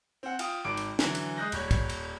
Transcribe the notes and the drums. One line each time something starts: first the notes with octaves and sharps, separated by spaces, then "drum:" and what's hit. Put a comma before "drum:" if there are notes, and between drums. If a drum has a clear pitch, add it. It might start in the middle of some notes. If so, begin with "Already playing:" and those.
C4 F#5
F4 G5 D#6, drum: cymbal
G#1 D#3 D6 D7
drum: cymbal
D3 E3 F#3, drum: snare
drum: cymbal
G#3 D#6 F#6 G6 A#6
D#1 G3 C#5 G#6, drum: cymbal
drum: kick, cymbal
drum: cymbal